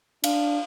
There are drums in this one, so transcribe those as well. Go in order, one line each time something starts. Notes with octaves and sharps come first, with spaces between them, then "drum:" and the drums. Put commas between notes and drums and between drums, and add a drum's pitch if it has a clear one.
D4 F5, drum: cymbal